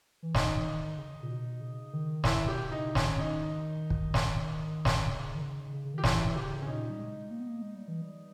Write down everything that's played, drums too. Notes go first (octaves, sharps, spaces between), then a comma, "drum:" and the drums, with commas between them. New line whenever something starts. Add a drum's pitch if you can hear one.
E3
D#3 D#4, drum: snare
E3
D#3
C#3
A#2
B2
C#3
D#3
D#3 E4, drum: snare
B2 G4
C#3 D#4
D#3 C#4, drum: snare
D#4
drum: kick
drum: snare
drum: snare
C#3
D#3
C#3
C#3
C#3
D#3 G4
E3 E4, drum: snare
C#3 G4
C#4
A#2 D#4
G3
G#3
A#3
B3
A#3
G#3
G3
E3
G3